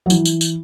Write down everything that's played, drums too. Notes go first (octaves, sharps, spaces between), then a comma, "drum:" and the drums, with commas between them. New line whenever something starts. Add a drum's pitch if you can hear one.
F#3
E3, drum: tambourine
drum: tambourine
drum: tambourine